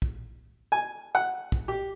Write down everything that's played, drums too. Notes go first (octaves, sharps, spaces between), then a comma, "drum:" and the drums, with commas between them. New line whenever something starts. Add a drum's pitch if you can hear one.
drum: kick
G#5
F#5
drum: kick
G4